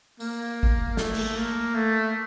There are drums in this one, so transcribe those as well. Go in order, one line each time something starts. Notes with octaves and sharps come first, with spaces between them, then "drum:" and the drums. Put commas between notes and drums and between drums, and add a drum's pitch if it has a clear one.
A#3, drum: open hi-hat
drum: kick
A3, drum: snare
drum: cymbal
A#3
A3